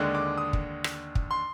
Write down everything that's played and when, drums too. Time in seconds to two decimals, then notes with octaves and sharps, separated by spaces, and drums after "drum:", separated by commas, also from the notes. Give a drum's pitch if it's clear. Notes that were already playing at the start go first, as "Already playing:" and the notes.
Already playing: D#2 D3 G#3 D4
0.15 D6
0.38 D#6
0.53 drum: kick
0.84 drum: rim click
1.15 drum: kick
1.31 C6